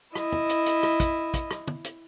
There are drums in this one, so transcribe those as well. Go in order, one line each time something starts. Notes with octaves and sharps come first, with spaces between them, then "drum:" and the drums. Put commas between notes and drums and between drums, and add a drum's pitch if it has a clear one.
E4 D#5, drum: rim click
drum: tom
drum: hi-hat
drum: hi-hat
drum: rim click
drum: kick, hi-hat
drum: kick, hi-hat
drum: rim click
drum: tom
drum: hi-hat